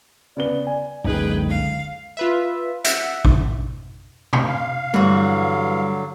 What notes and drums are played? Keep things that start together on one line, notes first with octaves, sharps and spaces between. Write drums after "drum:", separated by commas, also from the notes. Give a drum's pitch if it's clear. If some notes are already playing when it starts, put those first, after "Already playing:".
C#3 B3 D5 G7
G#5
F#1 C#2 D3 D#4 G#4 B4 G5
F5
F4 B4 E5
E5 F#5, drum: hi-hat
drum: kick A1
drum: tom C3
F5
G2 D3 E3 F#3 F#4